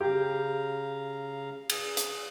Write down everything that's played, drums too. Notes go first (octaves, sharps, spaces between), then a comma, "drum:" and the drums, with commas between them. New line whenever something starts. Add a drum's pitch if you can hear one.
C#3 G4 F5 A#5
G#4, drum: cymbal
drum: hi-hat